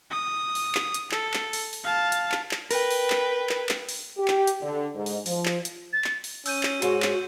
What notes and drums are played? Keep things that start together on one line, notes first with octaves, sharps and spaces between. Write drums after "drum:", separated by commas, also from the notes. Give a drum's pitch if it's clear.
D#6
drum: open hi-hat
drum: clap
drum: hi-hat
A4, drum: clap
drum: clap
drum: open hi-hat
drum: open hi-hat
F5 A5
drum: hi-hat
drum: clap
drum: clap
A#4 B4 G5, drum: open hi-hat
drum: open hi-hat
drum: clap
drum: clap
drum: clap
drum: open hi-hat
G4
drum: clap
drum: hi-hat
D3
G#2
drum: open hi-hat
F3, drum: open hi-hat
drum: clap
drum: hi-hat
A6
drum: clap
drum: open hi-hat
C#4 E6 G6 D#7, drum: open hi-hat
drum: clap
G#2 F#4 C#5, drum: hi-hat
drum: clap